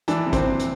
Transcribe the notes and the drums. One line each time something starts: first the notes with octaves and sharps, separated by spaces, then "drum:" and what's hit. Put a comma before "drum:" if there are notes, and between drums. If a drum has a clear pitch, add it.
E3 D4, drum: hi-hat
C3
C4, drum: kick, hi-hat
C3
drum: hi-hat